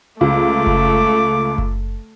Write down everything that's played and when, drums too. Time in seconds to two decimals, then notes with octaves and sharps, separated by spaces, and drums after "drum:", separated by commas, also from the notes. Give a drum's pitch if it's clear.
0.21 C#2 A3 D6
0.67 drum: kick F#1
1.58 drum: kick F#1